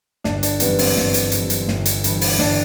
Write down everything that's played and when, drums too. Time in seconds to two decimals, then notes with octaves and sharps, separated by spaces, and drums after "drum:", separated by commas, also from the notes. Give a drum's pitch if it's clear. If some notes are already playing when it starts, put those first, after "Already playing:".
0.24 G1 D4, drum: snare
0.43 D4, drum: hi-hat
0.60 F#2 E3 G3 B3, drum: hi-hat
0.79 C4, drum: open hi-hat
0.97 G1, drum: snare
1.14 drum: hi-hat
1.32 F#2 E3 G3, drum: hi-hat
1.50 drum: hi-hat
1.68 G1, drum: snare
1.86 drum: hi-hat
2.04 G2 E3, drum: hi-hat
2.21 drum: open hi-hat
2.39 G1 D4, drum: snare